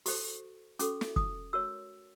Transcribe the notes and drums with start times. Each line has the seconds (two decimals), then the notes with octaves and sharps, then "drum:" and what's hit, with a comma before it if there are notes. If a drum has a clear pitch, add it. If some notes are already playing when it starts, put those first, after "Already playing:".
0.06 F#4 A4 C5 C#6, drum: open hi-hat
0.79 C#4 F#4 A4 D6, drum: hi-hat
1.01 drum: snare
1.16 D#6, drum: kick
1.53 F#4 A#4 C#5 E6